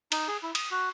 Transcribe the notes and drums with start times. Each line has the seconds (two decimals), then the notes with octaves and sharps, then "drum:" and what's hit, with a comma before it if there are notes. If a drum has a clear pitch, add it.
0.12 D#4, drum: cymbal
0.28 G#4
0.43 E4
0.55 D#6, drum: cymbal
0.71 F#4